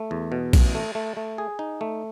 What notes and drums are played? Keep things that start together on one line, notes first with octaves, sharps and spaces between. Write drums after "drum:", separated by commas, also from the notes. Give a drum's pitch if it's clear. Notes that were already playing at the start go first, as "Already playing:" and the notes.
Already playing: A3
E2
B2
A1, drum: kick A#1, cymbal
A3
A3
A3
G#4
D#4
A3